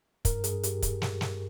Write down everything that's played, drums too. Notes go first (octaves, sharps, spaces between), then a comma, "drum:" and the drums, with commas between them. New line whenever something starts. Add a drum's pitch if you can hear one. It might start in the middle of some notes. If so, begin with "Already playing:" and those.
G2 A#4, drum: kick, hi-hat
G2 G#4, drum: hi-hat
G4, drum: hi-hat
drum: kick, hi-hat
drum: snare
drum: snare